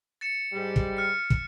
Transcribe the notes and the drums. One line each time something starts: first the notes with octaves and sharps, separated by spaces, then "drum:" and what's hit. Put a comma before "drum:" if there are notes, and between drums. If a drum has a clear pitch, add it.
A6 C#7 E7
G#2 G3
drum: kick
F6 C#7
drum: kick